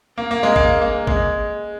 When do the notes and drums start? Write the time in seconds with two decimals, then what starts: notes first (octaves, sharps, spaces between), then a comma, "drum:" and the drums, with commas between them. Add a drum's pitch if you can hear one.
0.18 A#3
0.31 A#3
0.43 G#3
0.56 A#3, drum: kick G#1
0.82 A#3
1.07 G#3, drum: kick G#1